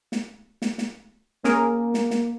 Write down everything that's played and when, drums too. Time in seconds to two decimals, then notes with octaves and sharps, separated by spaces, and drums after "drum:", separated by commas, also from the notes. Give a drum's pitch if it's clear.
0.12 drum: snare
0.62 drum: snare
0.78 drum: snare
1.44 A#3 C#4 G#4 A#4, drum: snare
1.94 drum: snare
2.11 drum: snare